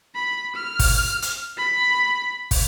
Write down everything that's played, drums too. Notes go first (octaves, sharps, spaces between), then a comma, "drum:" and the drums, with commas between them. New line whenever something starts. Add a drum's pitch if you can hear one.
B5
F6
drum: kick, open hi-hat
drum: hi-hat
B5
drum: kick, open hi-hat